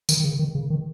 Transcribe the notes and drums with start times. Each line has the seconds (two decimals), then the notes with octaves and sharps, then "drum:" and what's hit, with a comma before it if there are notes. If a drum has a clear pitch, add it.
0.09 D#3, drum: tambourine
0.20 D#3
0.24 C#3
0.39 D#3
0.55 C#3
0.70 D#3